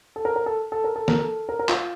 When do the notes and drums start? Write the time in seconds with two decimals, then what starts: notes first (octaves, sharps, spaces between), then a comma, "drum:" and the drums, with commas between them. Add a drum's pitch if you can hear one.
0.16 A4
0.25 A#4
0.36 A#4
0.46 A4
0.72 A4
0.84 A#4
0.96 A4
1.08 A#4, drum: snare
1.20 A4
1.49 A#4
1.59 A#4
1.69 F4, drum: clap